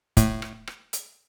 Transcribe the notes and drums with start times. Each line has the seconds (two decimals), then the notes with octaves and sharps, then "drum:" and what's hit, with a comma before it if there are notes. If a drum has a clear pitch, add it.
0.17 A2, drum: kick, hi-hat
0.42 drum: rim click
0.67 drum: rim click
0.93 drum: hi-hat